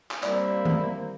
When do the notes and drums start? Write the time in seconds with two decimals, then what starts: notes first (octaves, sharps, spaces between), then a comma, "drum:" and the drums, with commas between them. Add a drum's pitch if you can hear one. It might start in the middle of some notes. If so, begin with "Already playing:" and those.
0.11 drum: clap
0.23 G3 A#3 C4 E4 D5, drum: clap
0.65 drum: tom D#3